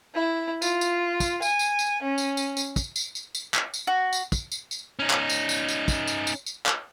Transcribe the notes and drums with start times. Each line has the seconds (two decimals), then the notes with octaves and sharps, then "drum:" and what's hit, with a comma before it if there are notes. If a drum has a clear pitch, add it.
0.14 E4
0.62 F4, drum: tambourine
0.81 drum: tambourine
1.20 drum: kick, tambourine
1.42 G#5, drum: tambourine
1.59 drum: tambourine
1.79 drum: tambourine
2.02 C#4
2.18 drum: tambourine
2.37 drum: tambourine
2.57 drum: tambourine
2.76 drum: kick, tambourine
2.96 drum: tambourine
3.15 drum: tambourine
3.35 drum: tambourine
3.54 drum: clap
3.74 drum: tambourine
3.87 F#4
4.13 drum: tambourine
4.32 drum: kick, tambourine
4.52 drum: tambourine
4.71 drum: tambourine
4.99 C#4 D#4
5.10 drum: clap
5.29 drum: tambourine
5.49 drum: tambourine
5.68 drum: tambourine
5.88 drum: kick, tambourine
6.07 drum: tambourine
6.27 drum: tambourine
6.46 drum: tambourine
6.66 drum: clap